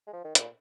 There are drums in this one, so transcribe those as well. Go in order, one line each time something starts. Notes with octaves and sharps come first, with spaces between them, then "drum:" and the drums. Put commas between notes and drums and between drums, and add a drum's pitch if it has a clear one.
G#3
F3
D#3
A#2, drum: hi-hat